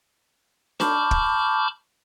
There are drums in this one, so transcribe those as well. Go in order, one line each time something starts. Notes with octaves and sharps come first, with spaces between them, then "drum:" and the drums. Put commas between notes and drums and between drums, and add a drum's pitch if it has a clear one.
A5 B5 C#6 D6 F6 G6, drum: snare D4
drum: kick